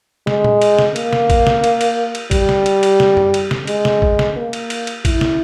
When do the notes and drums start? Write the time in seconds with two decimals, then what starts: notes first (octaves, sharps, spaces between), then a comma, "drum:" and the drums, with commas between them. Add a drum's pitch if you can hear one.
0.27 G#3, drum: snare
0.44 drum: tom A#2
0.62 drum: cymbal
0.79 drum: snare
0.96 A#3, drum: cymbal
1.13 drum: snare
1.30 drum: kick, cymbal
1.47 drum: snare
1.64 drum: cymbal
1.81 drum: cymbal
2.15 drum: cymbal
2.31 G3, drum: kick, cymbal
2.49 drum: snare
2.66 drum: cymbal
2.83 drum: cymbal
3.00 drum: snare
3.17 drum: tom F#2
3.34 drum: cymbal
3.51 drum: snare
3.67 G#3, drum: cymbal
3.85 drum: snare
4.02 drum: kick
4.19 drum: snare
4.37 A#3
4.53 drum: cymbal
4.70 drum: cymbal
4.87 drum: cymbal
5.05 E4, drum: kick, cymbal
5.21 drum: snare